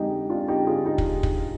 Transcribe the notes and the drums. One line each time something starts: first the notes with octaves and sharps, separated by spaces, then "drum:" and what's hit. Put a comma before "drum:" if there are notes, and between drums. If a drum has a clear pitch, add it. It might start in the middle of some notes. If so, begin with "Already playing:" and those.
Already playing: F2 D3 G#3 D#4 G4 G#4
D4 F4
D#4 G4
F4 G#4
D#4 G4
drum: kick
drum: kick